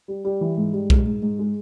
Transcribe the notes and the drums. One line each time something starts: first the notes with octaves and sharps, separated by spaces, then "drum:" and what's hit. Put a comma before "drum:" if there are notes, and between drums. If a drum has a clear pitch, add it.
G3
G3
E3
G#2
G3
G#2, drum: kick B1
G#2
G#2
G#3